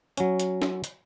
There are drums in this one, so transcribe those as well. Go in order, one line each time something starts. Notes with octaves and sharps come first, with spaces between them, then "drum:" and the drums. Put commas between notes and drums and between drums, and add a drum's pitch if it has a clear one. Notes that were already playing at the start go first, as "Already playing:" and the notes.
F#3 C#4, drum: hi-hat
drum: hi-hat
drum: snare
drum: hi-hat